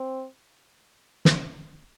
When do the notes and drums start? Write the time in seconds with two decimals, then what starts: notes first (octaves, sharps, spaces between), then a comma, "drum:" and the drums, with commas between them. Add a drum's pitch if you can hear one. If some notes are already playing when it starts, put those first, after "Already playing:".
Already playing: C4
1.25 drum: snare